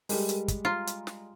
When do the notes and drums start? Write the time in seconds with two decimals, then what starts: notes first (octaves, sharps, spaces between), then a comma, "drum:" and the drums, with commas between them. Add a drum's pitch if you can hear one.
0.09 G3 G#3 G4 A4 A#4, drum: open hi-hat
0.29 drum: hi-hat
0.48 drum: kick, hi-hat
0.65 F4 A#5 C6
0.87 drum: hi-hat
1.07 drum: snare